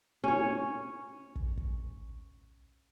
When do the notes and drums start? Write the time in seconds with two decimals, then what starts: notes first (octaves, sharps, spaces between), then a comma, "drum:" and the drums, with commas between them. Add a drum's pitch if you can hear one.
0.24 C#4 C#5, drum: tom
1.35 drum: kick
1.57 drum: kick